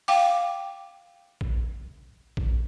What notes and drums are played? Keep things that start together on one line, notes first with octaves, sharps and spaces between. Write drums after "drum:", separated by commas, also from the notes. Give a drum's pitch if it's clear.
F5 G5 D6, drum: open hi-hat
drum: kick A#1
drum: kick A#1